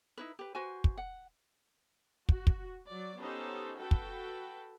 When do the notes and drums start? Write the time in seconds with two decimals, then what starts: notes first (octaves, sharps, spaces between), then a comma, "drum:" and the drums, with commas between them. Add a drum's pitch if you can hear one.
0.17 D#4 E4 B4
0.39 G4 B4
0.55 F#4 B4 C5 G#5
0.84 drum: kick
0.98 F#5
2.29 F#4, drum: kick
2.47 drum: kick
2.88 F#3 D5
3.18 B3 C#4 D#4 G4 A4 C5
3.76 F#4 A4 B4 G5
3.91 drum: kick